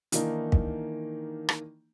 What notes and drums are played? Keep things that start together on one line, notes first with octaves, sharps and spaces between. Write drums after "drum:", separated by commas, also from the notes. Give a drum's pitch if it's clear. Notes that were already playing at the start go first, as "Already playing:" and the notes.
D#3 E3 A#3 D4 D#4, drum: hi-hat
drum: kick
drum: rim click